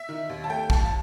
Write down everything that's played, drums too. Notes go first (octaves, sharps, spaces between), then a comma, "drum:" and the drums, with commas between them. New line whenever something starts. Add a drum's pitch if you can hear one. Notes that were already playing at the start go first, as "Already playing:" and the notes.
Already playing: E5
D#3
D#2
A5
A3 G5
D#2 A5, drum: kick
A5